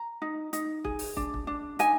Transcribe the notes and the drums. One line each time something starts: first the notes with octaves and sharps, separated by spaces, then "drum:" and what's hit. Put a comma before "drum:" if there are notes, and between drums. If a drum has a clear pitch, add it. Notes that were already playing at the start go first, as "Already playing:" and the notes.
Already playing: A#5
D#4
D#4, drum: hi-hat
G#4, drum: kick
drum: open hi-hat
D4, drum: kick
drum: kick
D4
D#4 G#5, drum: hi-hat